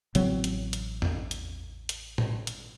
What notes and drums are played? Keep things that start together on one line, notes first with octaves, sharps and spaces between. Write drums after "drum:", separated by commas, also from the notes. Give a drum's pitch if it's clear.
A1 C#3 F#3 C4, drum: hi-hat
drum: hi-hat
drum: hi-hat
drum: tom E2
drum: hi-hat
drum: hi-hat
drum: tom A2
drum: hi-hat